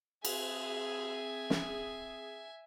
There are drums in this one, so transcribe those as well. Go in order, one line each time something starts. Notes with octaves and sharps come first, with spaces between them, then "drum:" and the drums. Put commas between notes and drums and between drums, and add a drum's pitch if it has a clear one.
C4 G#4 E5 G#5, drum: cymbal
drum: snare